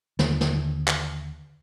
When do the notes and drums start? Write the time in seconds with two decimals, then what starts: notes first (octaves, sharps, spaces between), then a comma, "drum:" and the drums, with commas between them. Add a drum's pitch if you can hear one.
0.19 D#2 D3, drum: snare
0.41 drum: snare
0.88 drum: clap